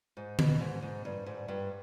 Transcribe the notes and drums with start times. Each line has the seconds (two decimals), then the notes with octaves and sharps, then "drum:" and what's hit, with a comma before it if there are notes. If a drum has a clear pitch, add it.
0.17 G#2
0.39 B2, drum: tom D3
0.61 G#2
0.82 G#2
1.05 G2
1.26 G#2
1.48 G2